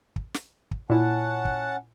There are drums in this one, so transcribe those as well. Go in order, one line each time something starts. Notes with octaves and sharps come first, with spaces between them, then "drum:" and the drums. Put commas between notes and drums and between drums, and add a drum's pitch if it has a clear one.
drum: kick
drum: snare
drum: kick
A#2 C#4 E4 F#5 A5
drum: kick